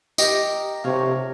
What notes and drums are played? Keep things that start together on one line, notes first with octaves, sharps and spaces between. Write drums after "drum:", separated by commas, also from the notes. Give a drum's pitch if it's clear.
G4 A#4 D#5 A#5, drum: tambourine
C3 C#5 F5 A#5